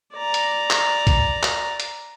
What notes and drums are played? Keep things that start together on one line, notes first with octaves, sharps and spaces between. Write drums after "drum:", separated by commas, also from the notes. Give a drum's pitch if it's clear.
D5 A#5
drum: hi-hat
drum: clap
drum: kick B1, hi-hat
drum: clap
drum: hi-hat